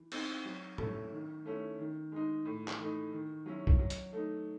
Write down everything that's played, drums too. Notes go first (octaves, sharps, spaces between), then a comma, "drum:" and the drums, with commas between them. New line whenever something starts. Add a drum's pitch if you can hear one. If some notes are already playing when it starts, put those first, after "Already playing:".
Already playing: E3
C4 D#4, drum: cymbal
F#3
A3 C#4 E4, drum: tom A2
D#3
A3 C#4 E4
D#3
G#3 D#4
A2
drum: clap
E3 A3 D#4
D#3
F#3 C#4 E4
drum: kick
F#3
drum: hi-hat
A3 D#4